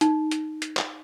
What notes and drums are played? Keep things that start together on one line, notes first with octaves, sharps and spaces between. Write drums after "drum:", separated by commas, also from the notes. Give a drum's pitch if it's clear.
D#4, drum: hi-hat
drum: hi-hat
drum: hi-hat
drum: clap